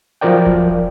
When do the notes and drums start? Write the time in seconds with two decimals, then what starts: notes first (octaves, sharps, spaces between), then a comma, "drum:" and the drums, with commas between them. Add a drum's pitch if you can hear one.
0.21 F3 F#3 A#4 D5 G5
0.46 drum: kick E1